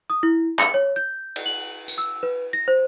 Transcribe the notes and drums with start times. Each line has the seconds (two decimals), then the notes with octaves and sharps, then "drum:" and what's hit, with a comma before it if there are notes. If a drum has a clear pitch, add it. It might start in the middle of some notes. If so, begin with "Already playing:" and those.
0.10 D#6
0.23 E4
0.59 C#7, drum: clap
0.74 C#5
0.96 G6
1.36 drum: cymbal
1.46 F#7
1.88 drum: tambourine
1.98 E6
2.23 B4
2.53 A#6
2.68 C5